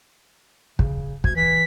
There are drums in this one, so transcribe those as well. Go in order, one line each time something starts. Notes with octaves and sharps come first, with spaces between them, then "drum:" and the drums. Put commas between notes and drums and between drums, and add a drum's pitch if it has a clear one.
C#3, drum: kick
D2 G#6, drum: kick
E3 B6